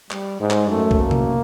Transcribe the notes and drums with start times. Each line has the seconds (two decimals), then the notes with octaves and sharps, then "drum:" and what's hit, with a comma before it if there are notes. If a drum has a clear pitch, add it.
0.11 G3, drum: clap
0.40 G#2 G#3
0.50 drum: clap
0.70 F#2 A3
0.91 drum: kick
1.01 A#3
1.11 drum: tom C3